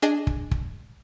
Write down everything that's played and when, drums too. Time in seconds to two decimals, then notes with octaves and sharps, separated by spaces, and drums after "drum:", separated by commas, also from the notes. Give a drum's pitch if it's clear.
0.02 D4 G#4 D#5
0.27 drum: kick
0.51 drum: kick